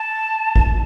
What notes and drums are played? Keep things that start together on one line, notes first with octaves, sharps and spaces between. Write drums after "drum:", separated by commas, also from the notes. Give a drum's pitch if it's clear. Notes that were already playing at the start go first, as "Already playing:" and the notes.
Already playing: A5
drum: kick